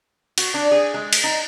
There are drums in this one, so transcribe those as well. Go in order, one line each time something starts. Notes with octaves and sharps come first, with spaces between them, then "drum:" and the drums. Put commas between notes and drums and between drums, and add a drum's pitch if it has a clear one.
F#4, drum: cymbal
D4
G#4
G#3
drum: cymbal
D#4